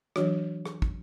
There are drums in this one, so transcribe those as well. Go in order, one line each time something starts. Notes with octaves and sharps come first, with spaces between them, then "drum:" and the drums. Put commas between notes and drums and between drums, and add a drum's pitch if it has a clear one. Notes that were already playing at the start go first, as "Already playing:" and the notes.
E3 F#3 D4 F#4 C#5, drum: rim click
drum: rim click
drum: kick